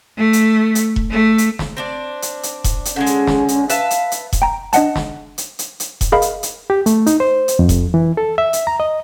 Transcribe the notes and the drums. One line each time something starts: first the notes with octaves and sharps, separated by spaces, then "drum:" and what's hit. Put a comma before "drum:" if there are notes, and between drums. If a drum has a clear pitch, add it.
A3
drum: hi-hat
drum: hi-hat
drum: kick E1
A3
drum: hi-hat
drum: snare
C4 D4 D5
drum: hi-hat
drum: hi-hat
drum: kick E1, hi-hat
drum: hi-hat
D3 F#3 G#3 C#4
drum: hi-hat
drum: snare
drum: hi-hat
B4 E5 F5 A5, drum: hi-hat
drum: hi-hat
drum: hi-hat
drum: kick E1, hi-hat
G5 A#5
D4 D#5 F#5 A5, drum: hi-hat
drum: snare
drum: hi-hat
drum: hi-hat
drum: hi-hat
drum: kick E1, hi-hat
G#4 A#4 D#5 F5 B5
drum: hi-hat
drum: hi-hat
G4
A3, drum: hi-hat
D#4, drum: hi-hat
C5
drum: hi-hat
F2
drum: kick E1, hi-hat
E3
A4
E5
drum: hi-hat
A#5
D#5